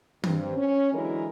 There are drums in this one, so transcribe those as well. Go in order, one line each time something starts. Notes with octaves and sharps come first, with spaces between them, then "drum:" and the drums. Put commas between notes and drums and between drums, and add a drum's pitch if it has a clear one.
G2 C4, drum: tom D#3
C#4
D3 E3 F#3 G#3 E4 A#4